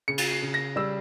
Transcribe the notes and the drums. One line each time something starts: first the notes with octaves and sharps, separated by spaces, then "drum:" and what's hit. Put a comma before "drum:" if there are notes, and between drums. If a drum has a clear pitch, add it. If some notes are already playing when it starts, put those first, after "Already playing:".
C#3 C#7
drum: cymbal
C7
C#3
A#6
G3 E6